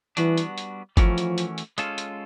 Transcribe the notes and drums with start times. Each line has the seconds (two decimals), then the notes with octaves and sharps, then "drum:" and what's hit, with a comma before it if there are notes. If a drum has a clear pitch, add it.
0.17 E3 G3 B3 D4 F#4, drum: hi-hat
0.38 drum: hi-hat
0.58 drum: hi-hat
0.97 E3 F3 A3 C#4 F#4 A#4, drum: kick G1, hi-hat
1.18 drum: hi-hat
1.38 drum: hi-hat
1.58 drum: hi-hat
1.78 G#3 C#4 F4 A4, drum: hi-hat
1.98 drum: hi-hat